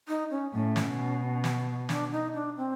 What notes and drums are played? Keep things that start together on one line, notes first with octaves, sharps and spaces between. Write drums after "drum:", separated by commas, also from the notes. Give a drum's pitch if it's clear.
D#4
C#4
A2 C#4
drum: snare
B2
drum: snare
D4, drum: snare
D#4
D4
C4